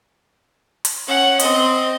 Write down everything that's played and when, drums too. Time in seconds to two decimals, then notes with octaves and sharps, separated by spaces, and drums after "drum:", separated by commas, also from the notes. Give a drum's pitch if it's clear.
0.85 drum: hi-hat
1.07 C#4 F#5
1.40 C4 D#5, drum: hi-hat